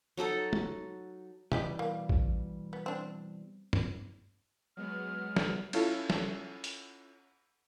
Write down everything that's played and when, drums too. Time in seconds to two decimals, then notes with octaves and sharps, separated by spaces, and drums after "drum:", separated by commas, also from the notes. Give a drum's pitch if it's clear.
0.17 F#3 D#4 A4 F#5
0.53 drum: tom
1.52 B2 E3 G3 E4 G4 D#5, drum: tom
1.79 A#3
2.09 drum: kick A1
2.73 B3
2.86 C4 D4
3.73 drum: tom
4.77 F#3 G#3 B3 F6
5.36 drum: snare
5.73 C#4 E4 F4 A4, drum: cymbal
6.10 drum: snare
6.64 drum: hi-hat